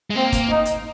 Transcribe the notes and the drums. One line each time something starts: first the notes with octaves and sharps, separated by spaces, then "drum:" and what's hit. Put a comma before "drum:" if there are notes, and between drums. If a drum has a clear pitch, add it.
G#3
A#3 C4
drum: kick, hi-hat
D#4
drum: hi-hat